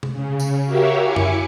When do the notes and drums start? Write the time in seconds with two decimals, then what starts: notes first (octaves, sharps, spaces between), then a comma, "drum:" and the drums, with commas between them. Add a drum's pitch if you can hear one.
0.03 drum: tom C3
0.13 C#3
0.40 drum: tambourine
0.66 F#4 G4 A#4 C#5 E5 F5
1.00 E4 G#5 D6 C#7
1.16 drum: tom F#2